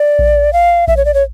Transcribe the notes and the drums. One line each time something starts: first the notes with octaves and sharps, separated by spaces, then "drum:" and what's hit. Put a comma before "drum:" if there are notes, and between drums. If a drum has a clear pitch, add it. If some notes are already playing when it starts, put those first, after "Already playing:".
Already playing: D5
drum: kick A#1
F5
E5, drum: kick A#1
C#5
D5
C#5